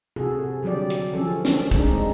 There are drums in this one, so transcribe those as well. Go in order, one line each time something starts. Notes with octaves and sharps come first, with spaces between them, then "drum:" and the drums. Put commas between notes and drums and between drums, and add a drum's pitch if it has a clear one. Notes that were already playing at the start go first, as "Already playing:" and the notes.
C3 F#4 G#4 A4
D3 F#3 G3 G4 D5
drum: hi-hat
F3 C#4 A4
drum: snare
G#3 C4 D4 D#4, drum: kick, hi-hat
G#3